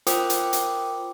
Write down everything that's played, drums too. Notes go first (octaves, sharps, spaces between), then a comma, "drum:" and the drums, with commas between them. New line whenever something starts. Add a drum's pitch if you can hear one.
F4 A#4 C5 G5 D6 D#6, drum: hi-hat
drum: hi-hat
drum: hi-hat